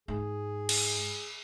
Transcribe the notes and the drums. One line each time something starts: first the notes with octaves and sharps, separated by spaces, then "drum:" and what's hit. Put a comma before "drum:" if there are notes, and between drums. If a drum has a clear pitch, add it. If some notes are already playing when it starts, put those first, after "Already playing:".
G#2 G#4
drum: cymbal